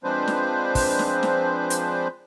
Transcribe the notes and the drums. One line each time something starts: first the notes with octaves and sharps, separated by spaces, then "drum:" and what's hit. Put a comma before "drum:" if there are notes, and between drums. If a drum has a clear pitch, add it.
F3 G#3 C4 D4 B4 C5
drum: snare
drum: kick, open hi-hat
drum: snare
drum: snare
drum: hi-hat